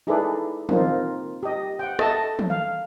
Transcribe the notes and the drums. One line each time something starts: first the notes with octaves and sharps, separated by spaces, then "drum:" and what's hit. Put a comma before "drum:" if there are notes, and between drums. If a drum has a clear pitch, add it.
D#4 E4 G#4 A4 B4 D5
A#3 C4 D#4 F4, drum: tom
G4 D#5
F#5 G5
A4 D#5 E5 A5, drum: rim click
drum: tom
F5